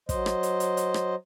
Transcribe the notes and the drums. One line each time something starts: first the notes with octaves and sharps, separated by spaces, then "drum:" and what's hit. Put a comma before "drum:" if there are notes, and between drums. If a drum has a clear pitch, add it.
F#3 C5 D#5, drum: kick, hi-hat
drum: rim click
drum: hi-hat
drum: hi-hat
drum: hi-hat
drum: rim click